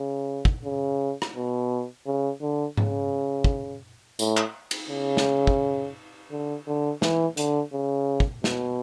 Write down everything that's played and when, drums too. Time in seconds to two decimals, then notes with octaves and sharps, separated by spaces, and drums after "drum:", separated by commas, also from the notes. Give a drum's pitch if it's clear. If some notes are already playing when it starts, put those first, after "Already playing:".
Already playing: C#3
0.45 drum: kick
0.64 C#3
1.22 drum: rim click
1.36 B2
2.06 C#3
2.41 D3
2.77 C#3, drum: tom G#2
3.44 drum: kick
4.19 A2, drum: tambourine
4.37 drum: clap
4.71 drum: cymbal
4.90 C#3
5.17 drum: snare
5.47 drum: kick
6.31 D3
6.67 D3
7.02 E3, drum: snare
7.37 D3, drum: hi-hat
7.73 C#3
8.20 drum: kick
8.44 B2, drum: snare